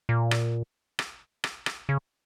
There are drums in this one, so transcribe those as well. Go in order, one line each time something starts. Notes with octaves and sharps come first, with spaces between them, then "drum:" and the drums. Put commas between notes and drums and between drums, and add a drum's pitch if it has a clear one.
A#2
drum: rim click
drum: rim click
drum: rim click
drum: rim click
C#3